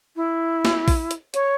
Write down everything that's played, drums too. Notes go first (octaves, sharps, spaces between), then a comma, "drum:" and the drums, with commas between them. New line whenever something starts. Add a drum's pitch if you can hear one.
E4
drum: snare
drum: kick A#1, open hi-hat
drum: hi-hat
C#5, drum: hi-hat